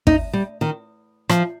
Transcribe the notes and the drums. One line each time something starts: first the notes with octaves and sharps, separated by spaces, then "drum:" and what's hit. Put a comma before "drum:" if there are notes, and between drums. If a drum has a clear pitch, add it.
D#4, drum: kick
G3
D#3
F3, drum: rim click